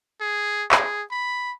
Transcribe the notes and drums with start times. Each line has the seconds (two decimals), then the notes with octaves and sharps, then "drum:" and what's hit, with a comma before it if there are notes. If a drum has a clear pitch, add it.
0.21 G#4
0.72 G#4, drum: clap
1.11 B5